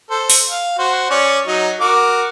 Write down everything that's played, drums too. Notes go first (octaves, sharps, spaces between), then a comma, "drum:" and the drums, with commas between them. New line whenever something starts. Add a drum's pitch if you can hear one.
A4 C5
drum: open hi-hat
F5
F#4 C5
C#4 C#5 D5
F#3 D#4
F#4 A#4 D6